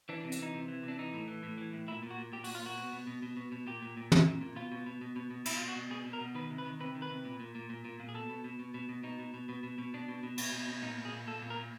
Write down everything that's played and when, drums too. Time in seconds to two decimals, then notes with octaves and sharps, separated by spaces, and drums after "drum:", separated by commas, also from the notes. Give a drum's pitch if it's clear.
0.09 E3 D4
0.20 D4
0.24 C3
0.32 D4, drum: hi-hat
0.39 E3 D#4
0.54 C3
0.68 E3
0.83 C3 D4
0.99 E3 D#4
1.14 A2
1.28 E3
1.43 A2
1.58 E3
1.73 A2
1.88 A#2 E4
2.03 A#2
2.10 F#4
2.18 A#2
2.32 A#2 G4
2.44 F#4, drum: open hi-hat
2.47 A#2
2.55 F4
2.62 A#2 F#4
2.78 B2
2.93 B2
3.07 B2
3.22 B2
3.37 B2
3.52 B2
3.67 A#2 G4
3.82 A#2
3.97 A#2
4.12 A#2, drum: tom
4.27 A#2
4.41 A#2
4.56 B2 F4
4.72 B2
4.86 B2
5.01 B2
5.16 B2
5.30 B2
5.45 B2 E4, drum: cymbal
5.57 F4
5.61 B2
5.68 F#4
5.76 B2
5.91 B2 G#4
6.06 B2
6.13 A#4
6.21 B2
6.35 D#3 B4
6.50 C3
6.58 B4
6.65 D#3
6.80 C3 B4
6.95 D#3
7.02 B4
7.10 C3
7.25 A#2
7.40 A#2
7.55 A#2
7.70 A#2
7.85 A#2
8.00 A#2
8.09 G#4
8.14 B2 A4
8.30 B2
8.44 B2
8.59 B2
8.74 B2
8.89 B2
9.03 B2 D#4
9.19 B2
9.34 B2
9.49 B2
9.63 B2
9.78 B2
9.94 B2 D4
10.08 B2
10.23 B2
10.37 B2, drum: cymbal
10.52 B2
10.68 B2
10.82 A#2 D#4
10.98 A#2
11.05 G#4
11.13 A#2
11.27 A#2 A4
11.42 A#2
11.50 A#4
11.58 A#2